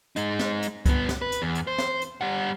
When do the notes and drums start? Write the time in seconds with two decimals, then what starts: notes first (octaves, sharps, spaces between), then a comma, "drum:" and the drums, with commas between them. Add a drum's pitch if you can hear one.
0.16 G#3 D#4, drum: hi-hat
0.39 drum: snare
0.62 drum: hi-hat
0.86 G2 B3, drum: kick C#2, hi-hat
1.09 drum: snare
1.22 B4
1.32 drum: hi-hat
1.42 E2
1.55 drum: hi-hat
1.67 C5
1.78 drum: snare
2.02 drum: hi-hat
2.21 G3 F#5